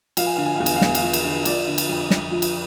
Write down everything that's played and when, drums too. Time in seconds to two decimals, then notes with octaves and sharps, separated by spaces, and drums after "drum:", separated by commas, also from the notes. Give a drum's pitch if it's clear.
0.17 F3 F5, drum: cymbal
0.26 G#5
0.36 D3 F5
0.46 G#5
0.56 E2 F5
0.66 G#5, drum: cymbal
0.76 F5
0.81 E2 G#5, drum: snare
0.95 F5, drum: cymbal
1.02 F3
1.13 drum: cymbal
1.25 D3
1.45 F3 D5, drum: cymbal
1.68 D3
1.78 drum: cymbal
1.89 F2
2.11 F2, drum: snare
2.31 F3
2.42 drum: cymbal